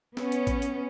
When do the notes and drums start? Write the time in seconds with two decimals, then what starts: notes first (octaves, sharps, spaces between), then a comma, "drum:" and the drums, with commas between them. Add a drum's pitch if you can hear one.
0.17 B3 C#4, drum: snare
0.32 drum: hi-hat
0.47 drum: kick A1, hi-hat
0.62 drum: hi-hat